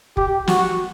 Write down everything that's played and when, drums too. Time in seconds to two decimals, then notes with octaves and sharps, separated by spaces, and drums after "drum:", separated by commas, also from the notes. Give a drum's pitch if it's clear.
0.17 G4, drum: kick F1
0.47 F#4, drum: snare